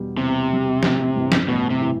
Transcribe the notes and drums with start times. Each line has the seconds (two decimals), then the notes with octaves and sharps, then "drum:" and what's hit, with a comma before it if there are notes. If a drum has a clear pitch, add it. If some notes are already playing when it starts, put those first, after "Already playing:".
Already playing: E2 B2 G3
0.17 E2 C3
0.50 B2 G3
0.83 A1, drum: snare
1.16 G2 E3
1.32 drum: snare
1.48 A1 B2
1.70 C3
1.82 E3